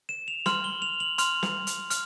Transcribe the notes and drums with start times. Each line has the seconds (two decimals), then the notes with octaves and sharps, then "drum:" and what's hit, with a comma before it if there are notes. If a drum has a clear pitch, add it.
0.09 E7
0.28 F7
0.46 C6 F6 F#7, drum: snare
0.64 G7
0.82 F7
1.00 F#7
1.18 C6 F6 F7, drum: hi-hat
1.43 drum: snare
1.67 drum: hi-hat
1.90 F6, drum: hi-hat